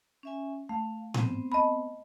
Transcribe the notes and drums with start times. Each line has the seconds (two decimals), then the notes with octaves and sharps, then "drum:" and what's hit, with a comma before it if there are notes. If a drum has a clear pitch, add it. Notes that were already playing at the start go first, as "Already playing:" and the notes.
0.23 C#4 E5 G#5
0.69 A3 F5
1.14 B3 C4 C5, drum: tom A2
1.52 D#5 A5 B5